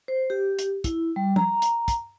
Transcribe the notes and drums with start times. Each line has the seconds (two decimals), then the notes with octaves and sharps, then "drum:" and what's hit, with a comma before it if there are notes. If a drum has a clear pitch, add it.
0.08 C5
0.30 G4
0.59 drum: hi-hat
0.84 E4, drum: kick, hi-hat
1.16 G3
1.36 A#5, drum: tom
1.62 drum: hi-hat
1.88 drum: kick, hi-hat